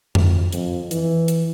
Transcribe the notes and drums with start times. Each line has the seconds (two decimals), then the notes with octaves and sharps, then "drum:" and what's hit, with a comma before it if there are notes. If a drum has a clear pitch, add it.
0.15 F2, drum: tom F2
0.53 F2, drum: hi-hat
0.91 E3, drum: hi-hat
1.28 drum: hi-hat